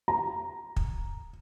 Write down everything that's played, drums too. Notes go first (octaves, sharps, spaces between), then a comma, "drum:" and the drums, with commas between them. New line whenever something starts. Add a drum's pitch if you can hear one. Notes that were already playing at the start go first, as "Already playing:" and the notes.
A#5
drum: kick